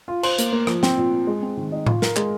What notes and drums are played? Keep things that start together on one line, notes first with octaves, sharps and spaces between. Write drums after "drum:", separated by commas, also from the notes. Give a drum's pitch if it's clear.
F4
C5, drum: cymbal
A#3, drum: hi-hat
A#3
F3, drum: rim click
C4, drum: snare
A#2
A#2
G#3
C4
D#3
D#4
F4, drum: tom A2
A#4, drum: snare
G#3, drum: clap